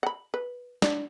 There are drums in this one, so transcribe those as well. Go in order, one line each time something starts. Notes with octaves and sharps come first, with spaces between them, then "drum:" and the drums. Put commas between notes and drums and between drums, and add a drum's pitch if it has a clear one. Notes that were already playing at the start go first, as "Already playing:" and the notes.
F#5 B5
B4
D4, drum: snare